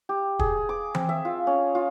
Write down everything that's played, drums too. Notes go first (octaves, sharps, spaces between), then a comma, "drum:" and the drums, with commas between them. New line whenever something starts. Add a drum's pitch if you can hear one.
G4
G#4, drum: kick
D6
C4, drum: tom E3
E5
F4
C#4
F4